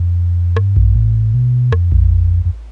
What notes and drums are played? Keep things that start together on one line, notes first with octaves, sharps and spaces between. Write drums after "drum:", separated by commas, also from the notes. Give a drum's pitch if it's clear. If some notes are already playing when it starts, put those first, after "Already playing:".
Already playing: F2
G2, drum: rim click
drum: kick A#1
A2
B2
F2, drum: rim click
drum: kick A#1
F2